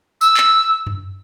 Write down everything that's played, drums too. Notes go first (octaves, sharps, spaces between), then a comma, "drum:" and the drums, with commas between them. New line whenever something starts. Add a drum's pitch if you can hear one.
E6, drum: tambourine
drum: clap
drum: tom F#2